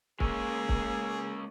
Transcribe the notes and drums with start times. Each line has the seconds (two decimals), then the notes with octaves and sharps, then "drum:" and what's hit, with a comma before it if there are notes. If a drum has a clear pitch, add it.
0.20 G#3 A#3 C#4 F4 G#4 E6, drum: kick
0.69 drum: kick